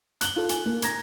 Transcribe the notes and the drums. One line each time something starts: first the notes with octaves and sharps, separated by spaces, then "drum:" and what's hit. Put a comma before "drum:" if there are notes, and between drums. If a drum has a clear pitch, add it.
F#6 F#7 G7, drum: hi-hat
F4 A4
G#5, drum: hi-hat
A#3
A#5 G#6 A#6, drum: hi-hat